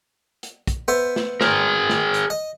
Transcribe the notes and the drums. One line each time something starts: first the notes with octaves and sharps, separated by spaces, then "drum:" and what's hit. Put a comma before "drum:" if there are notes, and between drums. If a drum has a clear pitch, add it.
drum: hi-hat
drum: kick, hi-hat
B3 C5 E5
drum: snare
G#4 A#4, drum: snare
drum: snare
drum: hi-hat
D#5